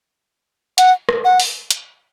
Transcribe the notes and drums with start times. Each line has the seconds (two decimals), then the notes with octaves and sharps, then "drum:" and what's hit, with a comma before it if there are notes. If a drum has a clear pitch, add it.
0.78 F#5, drum: hi-hat
1.09 drum: rim click
1.25 F#5
1.40 drum: open hi-hat
1.71 drum: hi-hat